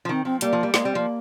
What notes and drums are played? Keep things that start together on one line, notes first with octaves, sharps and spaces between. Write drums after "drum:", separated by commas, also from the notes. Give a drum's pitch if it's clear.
F3
D#3 C4
F3 C4
G3 A#3, drum: hi-hat
F3
G3
G#3 A#3, drum: snare
G3 C4
F3 A#3